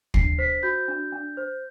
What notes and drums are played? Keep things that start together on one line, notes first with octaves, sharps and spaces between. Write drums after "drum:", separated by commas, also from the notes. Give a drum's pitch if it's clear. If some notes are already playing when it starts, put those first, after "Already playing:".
D4 C7, drum: kick
C5 B6
F#4 G6
D4
D4
C5